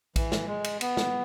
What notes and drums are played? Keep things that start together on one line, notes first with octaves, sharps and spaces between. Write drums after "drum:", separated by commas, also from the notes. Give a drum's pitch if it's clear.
E3, drum: kick A#1, cymbal
drum: snare
G#3
drum: cymbal
B3, drum: cymbal
drum: snare